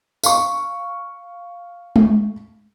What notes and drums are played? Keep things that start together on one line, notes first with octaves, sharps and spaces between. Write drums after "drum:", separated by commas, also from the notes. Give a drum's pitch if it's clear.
F5 C#6, drum: tambourine
drum: tom G#3